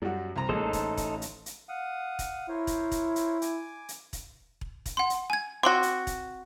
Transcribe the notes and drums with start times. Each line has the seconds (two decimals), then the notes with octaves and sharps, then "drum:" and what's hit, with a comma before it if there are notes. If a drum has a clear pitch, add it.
0.02 F#2 G3 F#4
0.36 C2 A#5
0.49 A1 G#3 A#3 D#4 A4 C5
0.73 drum: kick E1, hi-hat
0.97 drum: kick E1, hi-hat
1.22 drum: hi-hat
1.46 drum: hi-hat
1.69 F5 F#5 D#6
2.19 drum: kick E1, hi-hat
2.49 E4 A#4 C5 C#5
2.67 drum: kick E1, hi-hat
2.91 drum: kick E1, hi-hat
3.16 drum: hi-hat
3.42 G#5 D6, drum: hi-hat
3.89 drum: hi-hat
4.13 drum: kick E1, hi-hat
4.61 drum: kick E1
4.86 drum: kick E1, hi-hat
4.97 F#5 C6
5.10 drum: hi-hat
5.30 G#5 G#6
5.63 C4 F#4 C6 D6
5.83 drum: hi-hat
6.07 drum: kick E1, hi-hat